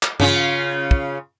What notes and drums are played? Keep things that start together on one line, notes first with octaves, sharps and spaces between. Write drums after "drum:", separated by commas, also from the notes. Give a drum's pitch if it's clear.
drum: clap
C#3 C#4 F4, drum: tom G2
drum: kick